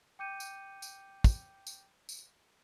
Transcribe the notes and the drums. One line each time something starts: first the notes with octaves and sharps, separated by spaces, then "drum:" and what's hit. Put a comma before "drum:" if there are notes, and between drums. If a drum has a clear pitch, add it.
G5 D6 G6 C#7 D#7
drum: tambourine
drum: tambourine
drum: kick, tambourine
drum: tambourine
drum: tambourine